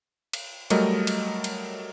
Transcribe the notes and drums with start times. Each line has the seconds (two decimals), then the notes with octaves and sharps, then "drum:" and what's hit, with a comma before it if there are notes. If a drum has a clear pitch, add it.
0.33 drum: cymbal
0.70 F#3 G3 A3 A#4 D#5, drum: cymbal
1.07 drum: cymbal
1.44 drum: cymbal